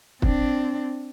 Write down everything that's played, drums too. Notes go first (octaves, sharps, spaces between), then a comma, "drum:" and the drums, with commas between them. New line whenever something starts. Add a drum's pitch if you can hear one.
C4 D4, drum: kick